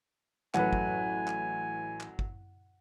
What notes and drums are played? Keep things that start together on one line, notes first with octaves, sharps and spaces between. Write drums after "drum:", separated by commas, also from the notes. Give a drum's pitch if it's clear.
A1 F#3 A3 B4 F#5 G#5, drum: clap
drum: kick
drum: clap
drum: clap
drum: kick